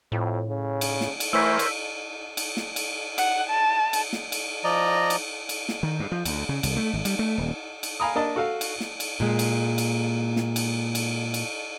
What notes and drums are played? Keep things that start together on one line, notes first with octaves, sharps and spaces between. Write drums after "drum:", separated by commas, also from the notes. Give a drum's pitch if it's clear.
F2 A2
C#3
drum: cymbal
drum: snare
drum: cymbal
E3 A3 A#4 C5 C#5 E6 B6
drum: cymbal
drum: cymbal
drum: snare
drum: cymbal
F#5, drum: cymbal
A5
drum: cymbal
drum: snare
drum: cymbal
F3 D5 D#5 A#5
drum: cymbal
drum: cymbal
drum: snare
D#3
G2
F3
D2, drum: cymbal
C#3
C2, drum: cymbal
A3
G#1
G3, drum: cymbal
A3
D#1
drum: cymbal
F5 G#5 A#5 B5 D#6
A#3 D4 D#5 A5
F#4 A4 F5
drum: cymbal
drum: snare
drum: cymbal
A#2 G#3
drum: cymbal
drum: cymbal
drum: snare
drum: cymbal
drum: cymbal
drum: cymbal